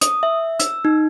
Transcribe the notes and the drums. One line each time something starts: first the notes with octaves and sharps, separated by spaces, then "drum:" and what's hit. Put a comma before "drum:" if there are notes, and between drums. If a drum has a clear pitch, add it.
D#6, drum: hi-hat
E5
E6, drum: hi-hat
D#4